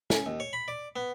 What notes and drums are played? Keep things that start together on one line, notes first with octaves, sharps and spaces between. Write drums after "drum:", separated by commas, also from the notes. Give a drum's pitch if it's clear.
C#4, drum: snare
D#2
C#5
B5
D5
B3